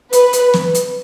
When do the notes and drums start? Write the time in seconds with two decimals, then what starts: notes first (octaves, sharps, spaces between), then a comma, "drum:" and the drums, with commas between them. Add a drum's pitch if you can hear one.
0.13 B4, drum: hi-hat
0.33 drum: hi-hat
0.54 drum: snare
0.75 drum: hi-hat